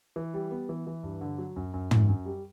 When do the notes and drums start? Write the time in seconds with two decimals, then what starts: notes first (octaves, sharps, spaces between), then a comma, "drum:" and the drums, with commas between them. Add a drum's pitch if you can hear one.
0.16 E3
0.34 G3
0.51 B3
0.69 E3
0.87 E3
1.03 G2
1.21 D3
1.38 F#3
1.56 F#2
1.74 F#2
1.91 F#2, drum: tom
2.09 F#2
2.26 G3